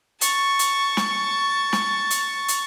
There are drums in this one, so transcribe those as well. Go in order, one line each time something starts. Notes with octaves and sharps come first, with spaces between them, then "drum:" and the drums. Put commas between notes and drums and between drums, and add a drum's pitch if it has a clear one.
A5 C#6, drum: hi-hat
drum: hi-hat
drum: snare
drum: snare
drum: hi-hat
drum: hi-hat